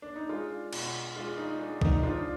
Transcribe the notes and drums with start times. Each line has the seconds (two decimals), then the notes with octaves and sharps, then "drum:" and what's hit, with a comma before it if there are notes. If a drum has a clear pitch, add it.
0.02 D4
0.16 D#4
0.29 G#3 D4 F4
0.73 B2, drum: cymbal
1.16 G#3 D4 F4
1.38 D#4
1.59 G#3 D4
1.81 D#4, drum: kick B1
1.94 D#4
2.03 F3 D4 F4